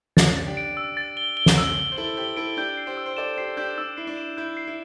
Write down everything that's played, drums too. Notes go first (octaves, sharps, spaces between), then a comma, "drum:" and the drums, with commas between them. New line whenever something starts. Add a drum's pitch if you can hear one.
D4 A6, drum: snare
A6
D4 G4
D7
E6
A6
G7
G7
drum: snare
E6
E6
C5
E4 A4 G7
G4 C5 G7
E4 A4 D7
D4 G4 G6
C7
G4 C5
E6
C5
A4 D5 E7
G4 C5 C7
D4 G4 G6
D4 E6
E4 C7
D4
E7
E4 G6
C7
E4